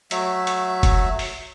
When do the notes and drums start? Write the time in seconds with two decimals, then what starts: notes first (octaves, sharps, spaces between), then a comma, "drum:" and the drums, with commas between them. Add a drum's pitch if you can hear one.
0.11 F#3 A3 E5, drum: hi-hat
0.47 drum: hi-hat
0.83 drum: kick, hi-hat
1.19 drum: open hi-hat